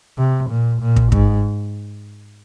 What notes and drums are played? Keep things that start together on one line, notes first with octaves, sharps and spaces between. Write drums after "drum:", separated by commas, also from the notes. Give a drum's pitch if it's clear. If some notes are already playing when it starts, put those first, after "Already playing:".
C3
A#2
A#2
drum: kick
G#2, drum: kick